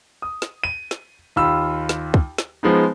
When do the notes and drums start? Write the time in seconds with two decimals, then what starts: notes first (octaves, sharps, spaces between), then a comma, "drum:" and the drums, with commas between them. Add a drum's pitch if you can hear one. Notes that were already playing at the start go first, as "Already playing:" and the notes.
0.22 D#6
0.42 drum: snare
0.64 D#7
0.91 drum: snare
1.36 D#2 F4 B5 E6
1.89 drum: snare
2.14 drum: kick
2.38 drum: snare
2.63 F3 G#3 B3 D#4